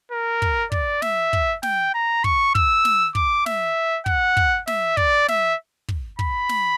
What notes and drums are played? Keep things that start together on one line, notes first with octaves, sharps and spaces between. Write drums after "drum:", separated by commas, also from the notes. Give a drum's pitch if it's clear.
A#4
drum: kick
D5, drum: kick
E5, drum: snare
drum: kick
G5, drum: snare
A#5
C#6, drum: kick
E6, drum: kick
drum: snare
D6, drum: kick
E5, drum: snare
F#5, drum: kick
drum: kick
E5, drum: snare
D5, drum: kick
E5, drum: snare
drum: kick
B5, drum: kick
drum: snare